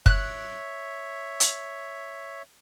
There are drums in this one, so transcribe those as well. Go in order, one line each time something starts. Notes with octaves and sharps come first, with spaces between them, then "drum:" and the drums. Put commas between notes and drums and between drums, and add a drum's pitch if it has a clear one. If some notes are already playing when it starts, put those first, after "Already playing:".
C#5 E5 F#6, drum: kick
drum: hi-hat